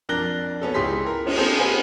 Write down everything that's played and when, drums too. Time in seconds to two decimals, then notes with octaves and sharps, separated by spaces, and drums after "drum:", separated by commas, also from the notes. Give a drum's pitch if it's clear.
0.09 F2 D4 A#4 F#6 A#6 G7
0.61 B3 C#4 A4
0.74 C#2 E4 G4 G#4 C6 B6
1.06 A#4
1.26 drum: cymbal
1.37 A#3 C4 G#4 A4 C5
1.57 G#4 A#4 B4 F#5 G#5